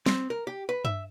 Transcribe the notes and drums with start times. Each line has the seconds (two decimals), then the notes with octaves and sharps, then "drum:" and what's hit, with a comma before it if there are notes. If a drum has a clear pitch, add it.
0.06 C4, drum: snare G3
0.30 A#4
0.47 G4
0.69 B4
0.85 E5, drum: tom G2